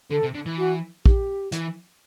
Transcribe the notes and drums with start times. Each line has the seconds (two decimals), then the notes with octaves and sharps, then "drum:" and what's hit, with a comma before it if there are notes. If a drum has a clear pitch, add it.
0.11 D3 A4
0.23 C3
0.35 D3
0.46 E3
0.58 F#4
1.06 G4, drum: kick
1.52 E3, drum: hi-hat